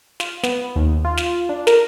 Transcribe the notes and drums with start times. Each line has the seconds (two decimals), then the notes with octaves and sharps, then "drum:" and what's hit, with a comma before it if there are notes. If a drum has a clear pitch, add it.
0.20 F4, drum: snare
0.43 B3, drum: snare
0.76 D#2
1.05 F4
1.17 drum: snare
1.49 D4
1.67 A#4, drum: snare